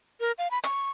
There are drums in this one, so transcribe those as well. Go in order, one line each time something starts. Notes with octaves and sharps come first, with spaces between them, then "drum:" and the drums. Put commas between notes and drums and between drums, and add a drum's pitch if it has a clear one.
A#4
F5
B5
C#6, drum: hi-hat